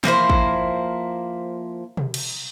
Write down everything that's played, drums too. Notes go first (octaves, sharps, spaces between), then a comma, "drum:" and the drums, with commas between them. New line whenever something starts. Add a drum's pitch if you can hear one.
F3 A#3 E4 C5, drum: snare
drum: kick
drum: tom B2
drum: cymbal